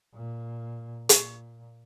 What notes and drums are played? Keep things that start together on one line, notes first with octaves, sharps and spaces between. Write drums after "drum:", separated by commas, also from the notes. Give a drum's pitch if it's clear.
A#2
A#2, drum: hi-hat